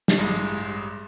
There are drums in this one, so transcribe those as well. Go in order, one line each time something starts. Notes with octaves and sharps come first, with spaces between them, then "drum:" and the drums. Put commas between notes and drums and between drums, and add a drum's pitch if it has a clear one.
drum: snare
A1 G2 G#3